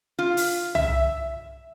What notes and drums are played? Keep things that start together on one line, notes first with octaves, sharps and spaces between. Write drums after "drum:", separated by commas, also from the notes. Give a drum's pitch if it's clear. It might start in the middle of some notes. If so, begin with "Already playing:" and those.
F4
drum: open hi-hat
E5, drum: tom